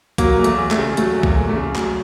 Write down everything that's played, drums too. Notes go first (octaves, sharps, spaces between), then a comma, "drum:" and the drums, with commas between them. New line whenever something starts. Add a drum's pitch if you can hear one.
F#3 A#3, drum: kick B1, hi-hat
E2
A3, drum: hi-hat
E2
A3, drum: clap
C#3
F#3 A3, drum: hi-hat
E2
A#3, drum: kick B1
E2
A3
C#3
F#3, drum: clap